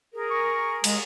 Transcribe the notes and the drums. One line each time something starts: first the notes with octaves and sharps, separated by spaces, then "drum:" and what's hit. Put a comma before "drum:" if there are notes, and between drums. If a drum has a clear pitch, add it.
G#4 A#4
C#6
G#3, drum: cymbal